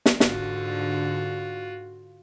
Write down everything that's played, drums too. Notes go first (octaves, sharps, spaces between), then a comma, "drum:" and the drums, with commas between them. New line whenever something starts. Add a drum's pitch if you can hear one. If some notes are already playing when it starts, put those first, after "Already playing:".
drum: snare
G#2 D3 F4 F#4, drum: snare